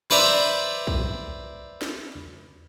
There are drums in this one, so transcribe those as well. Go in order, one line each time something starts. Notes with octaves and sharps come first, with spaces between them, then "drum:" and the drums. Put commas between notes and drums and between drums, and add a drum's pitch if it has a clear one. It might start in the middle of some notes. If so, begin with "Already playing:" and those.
B4 C5 D5 E5 A#5, drum: snare
drum: kick B1
drum: snare